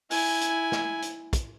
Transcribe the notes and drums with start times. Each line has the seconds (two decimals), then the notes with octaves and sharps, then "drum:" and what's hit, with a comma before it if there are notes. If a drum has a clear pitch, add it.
0.11 E4 G#5, drum: open hi-hat
0.41 drum: hi-hat
0.72 drum: snare
1.02 drum: hi-hat
1.33 drum: kick, hi-hat